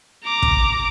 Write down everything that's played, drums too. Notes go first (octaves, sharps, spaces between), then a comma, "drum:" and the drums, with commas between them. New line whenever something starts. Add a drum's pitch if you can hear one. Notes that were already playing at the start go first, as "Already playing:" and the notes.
A#5 D6
drum: kick